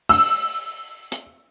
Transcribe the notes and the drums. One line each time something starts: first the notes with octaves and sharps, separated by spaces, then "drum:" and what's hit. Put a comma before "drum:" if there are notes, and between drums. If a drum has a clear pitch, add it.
E6, drum: open hi-hat
drum: hi-hat